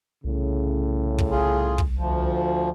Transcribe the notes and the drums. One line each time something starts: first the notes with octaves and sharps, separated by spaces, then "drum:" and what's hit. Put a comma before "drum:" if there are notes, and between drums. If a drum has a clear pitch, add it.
C2 A2 C#3
drum: kick
F4 G#4
drum: kick
D2 F3